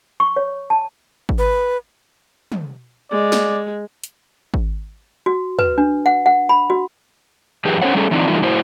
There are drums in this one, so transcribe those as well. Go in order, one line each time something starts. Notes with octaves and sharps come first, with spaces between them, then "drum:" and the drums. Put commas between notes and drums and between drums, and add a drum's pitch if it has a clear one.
C#6
C#5
A5
drum: kick G#1
B4
drum: tom
G#3 D5
drum: snare
drum: hi-hat
drum: kick G#1
F#4
B4, drum: tom
D4
F#5
F#5
B5
F#4
F#2 E3 G4 G#4 B4
C#4 D#4 A4 C5 C#5 F#5
G3 A3 C#4 G#4 A4
E3 C4 D4 D#4 F4
E3 G3 A3 D#4 F4
A2 E4 F#4 C5